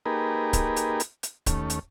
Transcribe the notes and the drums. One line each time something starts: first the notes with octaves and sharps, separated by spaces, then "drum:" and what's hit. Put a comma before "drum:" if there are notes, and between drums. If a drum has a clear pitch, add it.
A#3 D#4 G4 G#4 A#4 B4
drum: kick C#1, hi-hat
drum: hi-hat
drum: hi-hat
drum: hi-hat
D#2 A3 C#4, drum: kick C#1, hi-hat
drum: hi-hat